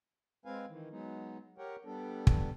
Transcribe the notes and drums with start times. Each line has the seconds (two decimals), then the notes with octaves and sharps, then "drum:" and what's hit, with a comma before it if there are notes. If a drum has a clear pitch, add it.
0.45 G#3 C4 B4 F5 G#5
0.68 D#3 E3
0.91 F#3 G#3 B3 D#4
1.58 G4 A#4 C#5 F#5 G5
1.85 G3 B3 D4 A4
2.27 drum: kick